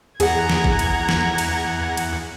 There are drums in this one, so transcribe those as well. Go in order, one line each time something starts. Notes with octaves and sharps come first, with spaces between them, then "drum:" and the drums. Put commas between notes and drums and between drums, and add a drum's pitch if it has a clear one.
E2 G#4 F#5 A#5 G#6, drum: cymbal
drum: snare
drum: kick G#1
drum: cymbal
drum: snare
drum: cymbal
drum: cymbal